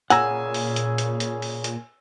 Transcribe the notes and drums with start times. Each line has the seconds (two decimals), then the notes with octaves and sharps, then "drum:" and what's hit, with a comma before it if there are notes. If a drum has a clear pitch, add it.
0.10 A#2 C#3 F#5 G#5 A#5 E6, drum: hi-hat
0.54 drum: open hi-hat
0.76 drum: hi-hat
0.98 drum: hi-hat
1.20 drum: hi-hat
1.42 drum: open hi-hat
1.64 drum: hi-hat